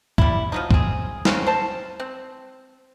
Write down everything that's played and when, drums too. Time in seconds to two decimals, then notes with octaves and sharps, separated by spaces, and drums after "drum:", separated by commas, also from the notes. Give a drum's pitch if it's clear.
0.18 G3 E4, drum: kick
0.52 F3 F#3 D#4
0.71 C4 G#4, drum: kick
1.25 A#3 C4 C#4 F#4, drum: snare
1.47 C5 A5
2.00 C4